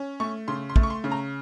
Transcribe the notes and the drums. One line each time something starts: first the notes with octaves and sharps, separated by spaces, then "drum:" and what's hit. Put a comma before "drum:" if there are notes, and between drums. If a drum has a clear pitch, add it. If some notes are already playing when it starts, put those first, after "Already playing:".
Already playing: C#4
A3 C#6
C#3 C6
C6
A3, drum: kick
C#6
C6
C#3
A#5